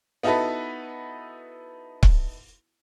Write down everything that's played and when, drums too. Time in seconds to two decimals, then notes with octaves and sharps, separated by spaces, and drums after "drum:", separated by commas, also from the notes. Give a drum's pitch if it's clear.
0.23 B3 D#4 E4 F#4 A4 B4
2.03 drum: kick C#1